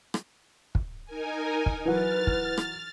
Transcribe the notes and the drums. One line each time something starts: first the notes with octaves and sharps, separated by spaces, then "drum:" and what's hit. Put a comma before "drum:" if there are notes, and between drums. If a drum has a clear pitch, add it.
drum: rim click
drum: kick
D#4 A#4 G#5
drum: kick
E3 F#3 B4 F6 A6
drum: kick
drum: rim click